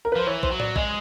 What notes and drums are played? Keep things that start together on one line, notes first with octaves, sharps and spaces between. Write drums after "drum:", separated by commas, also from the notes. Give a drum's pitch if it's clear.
A#4
B4
F3 C5
E3 C#5
C5, drum: kick
F#3
D5, drum: tom A2
G#3 D#5, drum: kick